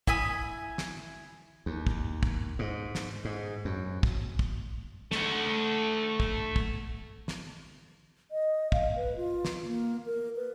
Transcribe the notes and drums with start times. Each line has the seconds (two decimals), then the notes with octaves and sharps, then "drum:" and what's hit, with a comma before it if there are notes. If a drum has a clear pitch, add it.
0.07 E4 G#5 B5 D#6, drum: kick
0.78 drum: snare
1.66 D#2
1.87 drum: kick
2.23 drum: kick
2.59 G#2
2.95 drum: snare
3.25 G#2
3.65 F#2
4.03 drum: kick
4.39 drum: kick
5.11 A3 F#5, drum: snare
6.20 drum: kick
6.56 drum: kick
7.28 drum: snare
8.31 D#5
8.72 F5, drum: kick
8.96 B4
9.16 F4
9.45 drum: snare
9.66 A#3
10.06 A#4
10.36 B4